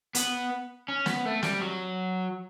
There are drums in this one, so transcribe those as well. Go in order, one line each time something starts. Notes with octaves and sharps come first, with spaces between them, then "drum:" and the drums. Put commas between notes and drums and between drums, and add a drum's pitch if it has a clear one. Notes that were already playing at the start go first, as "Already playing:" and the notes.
B3, drum: hi-hat
C#4
B3, drum: snare
A3
G3, drum: snare
F#3